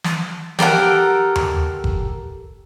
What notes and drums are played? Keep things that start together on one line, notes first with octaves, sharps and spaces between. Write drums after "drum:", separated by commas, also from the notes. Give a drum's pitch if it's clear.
drum: snare
G4 A4 A#4 F#5, drum: snare
drum: tom D#2
drum: kick F#1